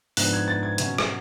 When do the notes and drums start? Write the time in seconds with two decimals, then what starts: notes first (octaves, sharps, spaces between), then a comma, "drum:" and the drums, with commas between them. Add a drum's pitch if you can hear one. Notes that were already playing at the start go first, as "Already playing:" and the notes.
0.17 G#2 F3 B3 D4 F#6, drum: open hi-hat
0.33 G#6
0.48 A6
0.63 G#6
0.78 B2 F#3 C#4 G#6, drum: hi-hat
0.98 drum: rim click